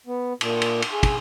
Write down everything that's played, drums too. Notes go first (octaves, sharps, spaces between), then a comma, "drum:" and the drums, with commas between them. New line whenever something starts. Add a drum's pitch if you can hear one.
B3
A#2, drum: cymbal
drum: cymbal
drum: cymbal
G#4
drum: kick, cymbal